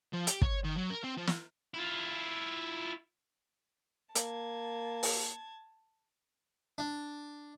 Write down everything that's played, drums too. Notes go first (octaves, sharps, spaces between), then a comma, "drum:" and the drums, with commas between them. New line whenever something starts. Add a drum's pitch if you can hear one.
F3
G4, drum: hi-hat
C#5, drum: kick
D#3
F#3
A#4
C4
F3
drum: snare
E4 F4
A#3 A5 G#6, drum: hi-hat
drum: open hi-hat
D4